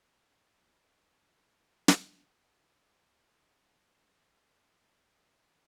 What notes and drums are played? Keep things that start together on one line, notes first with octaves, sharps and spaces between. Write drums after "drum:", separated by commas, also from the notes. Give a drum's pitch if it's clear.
C#3 F#5 A5
drum: snare
G#2
A#5
F3
D3 B4
A#3 C#4 D4 G4 G#4